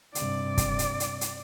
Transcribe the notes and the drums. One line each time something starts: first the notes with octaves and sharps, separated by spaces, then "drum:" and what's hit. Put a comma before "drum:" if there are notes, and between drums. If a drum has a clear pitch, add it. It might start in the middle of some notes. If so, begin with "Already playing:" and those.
G2 C3 D5, drum: hi-hat
drum: kick, hi-hat
drum: hi-hat
drum: hi-hat
drum: hi-hat